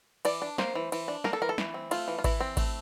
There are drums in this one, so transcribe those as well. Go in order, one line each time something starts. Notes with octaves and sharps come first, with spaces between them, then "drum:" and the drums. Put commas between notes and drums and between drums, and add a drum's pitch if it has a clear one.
E3 D5, drum: cymbal
D4
A#3 C5, drum: snare
E3
E3, drum: cymbal
D4
A#3 A#4, drum: snare
A4
E3 A#4
A4
E3, drum: snare
C4
A3 F4, drum: cymbal
E3
F4
E3 E4, drum: kick G#1, cymbal
C4
A3, drum: kick G#1, cymbal